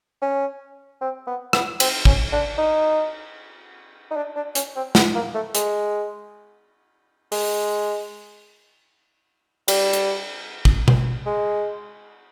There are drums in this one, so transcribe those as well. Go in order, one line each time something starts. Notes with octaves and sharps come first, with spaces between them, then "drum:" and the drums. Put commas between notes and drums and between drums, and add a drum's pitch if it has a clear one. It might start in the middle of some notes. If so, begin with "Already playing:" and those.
C#4
C4
B3
B3, drum: rim click
C4, drum: cymbal
C#4, drum: kick
D4
D#4
D#4
D4
D4
C#4, drum: hi-hat
C4
B3, drum: snare
A#3
A3
G#3, drum: hi-hat
G#3, drum: open hi-hat
G3, drum: cymbal
drum: hi-hat
drum: kick
drum: tom B2
G#3